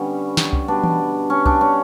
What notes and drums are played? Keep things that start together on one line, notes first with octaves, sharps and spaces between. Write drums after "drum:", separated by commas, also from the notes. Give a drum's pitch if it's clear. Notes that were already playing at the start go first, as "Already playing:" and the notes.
Already playing: D3 G3 B3 C#4
drum: snare
drum: kick C2
B2 G3 B3 D4
drum: tom E3
C#4
D4, drum: kick C2
C#4